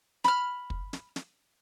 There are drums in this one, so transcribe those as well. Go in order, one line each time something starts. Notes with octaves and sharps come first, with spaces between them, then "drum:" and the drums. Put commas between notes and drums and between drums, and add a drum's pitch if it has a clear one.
B5 F6, drum: snare
drum: kick
drum: snare
drum: snare